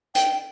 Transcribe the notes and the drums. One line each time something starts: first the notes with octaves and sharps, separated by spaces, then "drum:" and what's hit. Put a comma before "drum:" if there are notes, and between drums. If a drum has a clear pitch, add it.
G5, drum: hi-hat